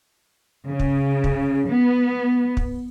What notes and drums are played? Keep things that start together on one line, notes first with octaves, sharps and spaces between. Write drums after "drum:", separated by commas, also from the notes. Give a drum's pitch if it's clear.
C#3
drum: kick
drum: kick
B3
drum: kick